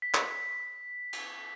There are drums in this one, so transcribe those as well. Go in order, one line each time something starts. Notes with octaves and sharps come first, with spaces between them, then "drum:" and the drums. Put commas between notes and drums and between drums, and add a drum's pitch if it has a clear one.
B6
drum: clap
drum: cymbal